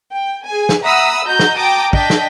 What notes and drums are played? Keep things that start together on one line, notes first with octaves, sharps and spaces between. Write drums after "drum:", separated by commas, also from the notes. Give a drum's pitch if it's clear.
G5
G#4 G#5
drum: snare
E5 F#5 A#5 B5 D#6 E6
F#4 D#5 A#5 G6
drum: snare
G5 A5 A#5 D6 D#6
D4 D#5 G5 B6, drum: kick
drum: snare